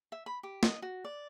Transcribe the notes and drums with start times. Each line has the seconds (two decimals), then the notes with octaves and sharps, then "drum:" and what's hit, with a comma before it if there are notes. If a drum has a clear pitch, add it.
0.12 E5
0.26 B5
0.43 G4
0.63 D#5, drum: snare
0.82 F#4
1.04 D5